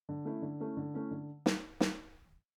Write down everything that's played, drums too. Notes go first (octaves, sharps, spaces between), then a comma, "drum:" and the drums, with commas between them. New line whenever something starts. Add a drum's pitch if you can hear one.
D3
A3 C#4 E4
D3
A3 C#4 E4
D3
A3 C#4 E4
D3
drum: snare
drum: snare